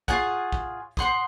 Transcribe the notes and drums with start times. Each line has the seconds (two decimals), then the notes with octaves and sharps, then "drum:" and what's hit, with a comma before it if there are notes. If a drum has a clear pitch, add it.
0.08 F4 G#4 C#5 F#5, drum: kick
0.52 drum: kick
0.97 C5 F#5 C6 D#6, drum: kick